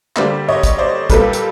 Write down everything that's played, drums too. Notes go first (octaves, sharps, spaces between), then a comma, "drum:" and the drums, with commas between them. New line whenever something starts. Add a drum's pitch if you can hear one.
D3 G3 A#3 C5 D5, drum: clap
C#5 D#5
drum: kick, hi-hat
C5 D5
A#2 G3 A#3 A4 B4, drum: kick, hi-hat
drum: hi-hat